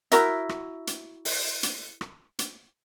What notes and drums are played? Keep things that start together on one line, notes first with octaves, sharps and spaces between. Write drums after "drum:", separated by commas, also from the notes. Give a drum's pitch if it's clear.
E4 F#4 A#4 E5, drum: hi-hat
drum: rim click
drum: hi-hat
drum: open hi-hat
drum: hi-hat
drum: rim click
drum: hi-hat